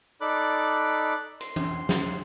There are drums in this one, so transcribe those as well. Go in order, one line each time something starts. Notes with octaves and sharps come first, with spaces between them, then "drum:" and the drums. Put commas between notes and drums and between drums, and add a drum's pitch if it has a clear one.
D#4 A4 D5 B5 D6 F#6
C6, drum: hi-hat
drum: tom E3
drum: snare